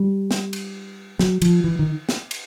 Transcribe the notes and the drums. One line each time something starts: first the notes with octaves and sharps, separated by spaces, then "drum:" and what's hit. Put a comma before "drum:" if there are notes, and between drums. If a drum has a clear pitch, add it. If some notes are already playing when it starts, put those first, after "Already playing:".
Already playing: G3
drum: snare
drum: cymbal
F#3, drum: snare
F3, drum: cymbal
E3
D#3
drum: snare
drum: cymbal